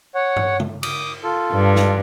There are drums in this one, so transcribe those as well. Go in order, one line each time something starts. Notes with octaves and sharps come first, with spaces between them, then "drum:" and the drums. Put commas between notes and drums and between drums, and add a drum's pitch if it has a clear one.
C#5 F#5
drum: tom G2
drum: tom
D6 D#6, drum: cymbal
F4 A4
G2
drum: snare